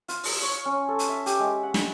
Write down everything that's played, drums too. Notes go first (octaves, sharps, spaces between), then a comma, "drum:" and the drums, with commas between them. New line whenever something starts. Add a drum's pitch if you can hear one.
F4, drum: hi-hat
drum: open hi-hat
C#5
C#4
A4
drum: hi-hat
E5
G4, drum: hi-hat
G#3
F#5
drum: snare